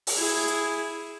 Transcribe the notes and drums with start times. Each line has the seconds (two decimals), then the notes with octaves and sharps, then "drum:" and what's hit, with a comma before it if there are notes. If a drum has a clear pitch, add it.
0.07 drum: open hi-hat
0.17 E4 G#4
0.48 drum: hi-hat